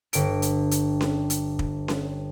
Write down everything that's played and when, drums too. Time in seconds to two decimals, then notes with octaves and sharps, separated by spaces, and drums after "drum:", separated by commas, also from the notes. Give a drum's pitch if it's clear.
0.13 G1 D7, drum: hi-hat
0.42 drum: hi-hat
0.71 drum: hi-hat
1.01 drum: snare C#4
1.30 drum: hi-hat
1.59 drum: kick
1.88 drum: snare C#4